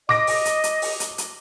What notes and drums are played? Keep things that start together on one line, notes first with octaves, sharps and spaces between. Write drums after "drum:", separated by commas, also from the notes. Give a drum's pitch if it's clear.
D#5 D6 A#6 D7, drum: snare
drum: open hi-hat
drum: hi-hat
drum: hi-hat
drum: open hi-hat
drum: hi-hat
drum: hi-hat